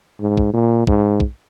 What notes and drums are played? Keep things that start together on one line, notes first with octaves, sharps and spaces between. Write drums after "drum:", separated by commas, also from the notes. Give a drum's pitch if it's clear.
G#2
drum: kick
A#2
G#2, drum: kick
drum: kick